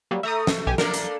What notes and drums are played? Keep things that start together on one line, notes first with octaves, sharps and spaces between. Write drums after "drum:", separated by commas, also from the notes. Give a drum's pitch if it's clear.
F#3 G3 A#3
A3 E5 A#5 D#6
drum: snare
B1 G4 G#5
A3 A#3 D4 A#4, drum: snare
drum: hi-hat